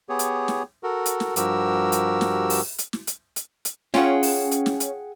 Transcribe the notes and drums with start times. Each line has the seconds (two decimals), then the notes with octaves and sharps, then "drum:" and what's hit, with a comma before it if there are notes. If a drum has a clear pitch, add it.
0.09 B3 G4 G#4 C#5
0.19 drum: hi-hat
0.48 drum: snare
0.83 F#4 A4 A#4
1.06 drum: hi-hat
1.20 drum: snare
1.36 G2 F3 F#4 G4 A#4 E6, drum: hi-hat
1.92 drum: hi-hat
2.21 drum: snare
2.50 drum: open hi-hat
2.79 drum: hi-hat
2.93 drum: snare
3.07 drum: hi-hat
3.36 drum: hi-hat
3.65 drum: hi-hat
3.94 C#4 F4 G#4 F#5 G5, drum: snare
4.23 drum: open hi-hat
4.51 drum: hi-hat
4.66 drum: snare
4.80 drum: hi-hat